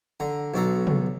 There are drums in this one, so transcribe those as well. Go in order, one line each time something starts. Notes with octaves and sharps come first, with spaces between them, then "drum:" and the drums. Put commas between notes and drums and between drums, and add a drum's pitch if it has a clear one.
D3 A#5
B1 D4 A4 A#5
drum: tom C3